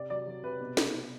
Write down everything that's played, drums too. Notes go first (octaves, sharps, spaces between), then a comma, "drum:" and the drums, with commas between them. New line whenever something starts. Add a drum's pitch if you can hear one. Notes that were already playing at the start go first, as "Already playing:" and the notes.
Already playing: C3 D5
F#3 D5
F#3
C3 B4
B2
drum: snare